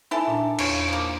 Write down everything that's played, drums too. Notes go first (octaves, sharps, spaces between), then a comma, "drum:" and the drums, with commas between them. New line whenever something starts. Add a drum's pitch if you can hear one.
D#4 E4 A4 G#5 A5
A#2 D4 A#5
E2 C#3 F4 C#5, drum: cymbal
F3 A#3